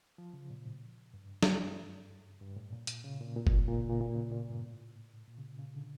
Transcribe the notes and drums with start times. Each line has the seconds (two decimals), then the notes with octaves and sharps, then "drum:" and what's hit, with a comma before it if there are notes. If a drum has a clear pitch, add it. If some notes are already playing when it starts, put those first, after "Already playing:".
0.18 F3
0.34 C#3
0.50 A#2
0.66 A2
1.14 G2
1.43 drum: snare
2.41 G2
2.57 A2
2.73 A#2
2.87 drum: hi-hat
3.04 C#3
3.20 A#2
3.36 A#2
3.47 drum: kick
3.68 A#2
3.79 C#3
3.89 A#2
4.00 A#2
4.16 C#3
4.32 A#2
4.48 G2
4.64 A2
5.27 A#2
5.38 C#3
5.59 C#3
5.75 D3